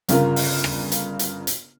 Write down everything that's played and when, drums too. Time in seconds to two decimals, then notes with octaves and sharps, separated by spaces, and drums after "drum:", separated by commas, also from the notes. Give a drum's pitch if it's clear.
0.09 G1 C#3 F4 A#4, drum: hi-hat
0.36 drum: open hi-hat
0.64 drum: rim click
0.92 drum: hi-hat
1.19 drum: hi-hat
1.47 drum: hi-hat